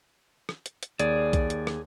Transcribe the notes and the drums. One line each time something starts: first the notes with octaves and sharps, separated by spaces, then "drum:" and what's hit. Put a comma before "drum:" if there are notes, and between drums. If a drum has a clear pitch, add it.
drum: rim click
drum: hi-hat
drum: hi-hat
D#2 G#4 D5, drum: hi-hat
drum: kick B1, hi-hat
drum: hi-hat
drum: rim click